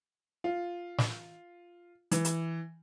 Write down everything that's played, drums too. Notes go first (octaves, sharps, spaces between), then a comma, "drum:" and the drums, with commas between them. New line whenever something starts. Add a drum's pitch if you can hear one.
F4
drum: snare
E3, drum: hi-hat
drum: hi-hat